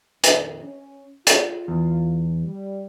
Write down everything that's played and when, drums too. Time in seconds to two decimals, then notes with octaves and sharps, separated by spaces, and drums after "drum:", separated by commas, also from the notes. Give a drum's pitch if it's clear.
0.24 F2 A#2 D#3, drum: hi-hat
0.62 C#4
1.27 F4, drum: hi-hat
1.68 E2
2.44 G3